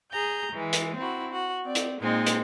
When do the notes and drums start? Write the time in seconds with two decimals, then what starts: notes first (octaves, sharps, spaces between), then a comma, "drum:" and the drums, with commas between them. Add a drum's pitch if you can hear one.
0.12 G#4 A#5 G6
0.54 E3 G#3
0.73 drum: hi-hat
0.97 C4 E4 F#4
1.31 F#4
1.65 C4 D5
1.75 drum: hi-hat
2.01 A#2 G#3 C4 D#4
2.26 drum: hi-hat